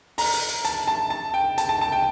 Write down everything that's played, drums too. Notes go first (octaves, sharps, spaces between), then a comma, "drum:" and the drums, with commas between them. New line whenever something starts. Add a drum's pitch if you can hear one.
A#5, drum: open hi-hat
drum: hi-hat
drum: hi-hat
A5, drum: hi-hat
A5
A5
G5
A5, drum: hi-hat
A5
A5
G5